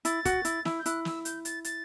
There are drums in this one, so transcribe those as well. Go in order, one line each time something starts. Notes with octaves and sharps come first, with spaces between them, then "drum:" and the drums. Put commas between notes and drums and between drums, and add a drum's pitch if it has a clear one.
E4 A6, drum: hi-hat
F#4, drum: kick, hi-hat
E4, drum: hi-hat
E4, drum: snare
G6
E4 F#6, drum: hi-hat
E6, drum: snare
G6, drum: hi-hat
A6, drum: hi-hat
A6, drum: hi-hat